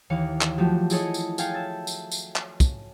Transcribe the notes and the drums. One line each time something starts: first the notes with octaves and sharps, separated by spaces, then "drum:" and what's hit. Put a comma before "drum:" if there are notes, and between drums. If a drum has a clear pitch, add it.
D#2 E3 C#5 F5 C#7
drum: clap
F3 F#3 A3 F#4 G4
E4 G#4 A4 C#5 D#5, drum: tambourine
drum: tambourine
A4 F5 G5 G#5 F6 C7, drum: tambourine
E5 E6 A6
drum: tambourine
drum: tambourine
drum: clap
drum: kick, tambourine